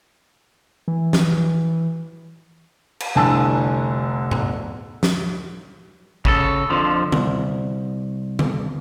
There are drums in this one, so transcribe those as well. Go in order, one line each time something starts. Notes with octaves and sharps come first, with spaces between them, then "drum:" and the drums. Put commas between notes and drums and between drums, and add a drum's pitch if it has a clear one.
E3
drum: snare
drum: cymbal
F1 C2 D3 G#5 A5 E6
drum: tom G#2
drum: snare
C#3 G#4 A4, drum: kick
F2 D3 F3
C2, drum: tom D3
drum: tom D3